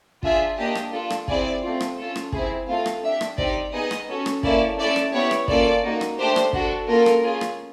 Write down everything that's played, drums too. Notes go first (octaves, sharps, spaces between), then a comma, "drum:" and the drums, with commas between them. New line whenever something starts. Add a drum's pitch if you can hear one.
D4 F4 G#4 E5, drum: kick
A#3 D4 G4 D#5
drum: rim click
D4 F4 A4
drum: rim click
C4 E4 G#4 D5, drum: kick
A3 C4 F4
drum: rim click
C#4 F4 A4
drum: rim click
C4 E4 G#4, drum: kick
A3 C4 F4 A4 F5
drum: rim click
D4 G4 E5
drum: rim click
C4 D#4 G4 D5, drum: kick
B3 D#4 G#4 D#5
drum: rim click
C#4 F#4 A4
drum: rim click
A#3 C#4 E4 A4 D5, drum: kick
A3 C#4 E4 A4 D5
drum: rim click
B3 E4 G4 C#5
drum: rim click
A#3 C#4 F4 A4 D5, drum: kick
A#3 D#4 F#4
drum: rim click
A3 D4 G4 C5
drum: rim click
D4 F#4 A4, drum: kick
A#3 C#4 F4 A4 A#4
drum: rim click
C#4 F4 G#4
drum: rim click